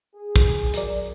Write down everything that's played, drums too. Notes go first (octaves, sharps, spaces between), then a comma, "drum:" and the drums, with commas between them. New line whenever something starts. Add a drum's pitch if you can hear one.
G#4
drum: kick
F#3 A#4 D5, drum: hi-hat